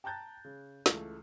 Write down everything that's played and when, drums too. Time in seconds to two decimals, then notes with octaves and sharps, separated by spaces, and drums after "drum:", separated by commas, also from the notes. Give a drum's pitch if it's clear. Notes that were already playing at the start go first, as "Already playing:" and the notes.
0.04 G5 A5 A#5 F#6 G6 A6
0.45 C#3
0.86 C#2 E3 A3, drum: snare